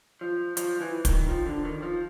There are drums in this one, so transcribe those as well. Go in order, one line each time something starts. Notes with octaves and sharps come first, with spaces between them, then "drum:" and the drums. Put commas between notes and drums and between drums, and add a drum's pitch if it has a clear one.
F3
F3, drum: hi-hat
E3
D#3, drum: kick, hi-hat
F3
D3
D#3
F3